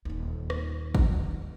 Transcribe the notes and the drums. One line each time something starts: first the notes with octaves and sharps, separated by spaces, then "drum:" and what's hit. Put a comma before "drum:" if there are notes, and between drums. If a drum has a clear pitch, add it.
D#1 D#2
drum: rim click
drum: kick